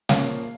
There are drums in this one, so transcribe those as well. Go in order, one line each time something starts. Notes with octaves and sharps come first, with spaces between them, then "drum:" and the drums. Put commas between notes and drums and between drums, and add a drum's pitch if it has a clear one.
A#2 F3 A#3 C#4 F5, drum: snare